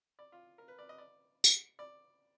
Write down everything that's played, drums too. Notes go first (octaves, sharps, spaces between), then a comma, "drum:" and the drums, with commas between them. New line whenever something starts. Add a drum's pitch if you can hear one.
D5
F4
A#4
B4
D5
D#5
D5
drum: tambourine
D5